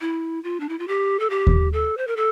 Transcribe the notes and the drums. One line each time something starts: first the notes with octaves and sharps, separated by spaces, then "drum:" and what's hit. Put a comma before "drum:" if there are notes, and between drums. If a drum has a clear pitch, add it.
E4
F4
D4
E4
F4
G4
A4
G4
drum: kick D#2
A4
C5
A#4
A4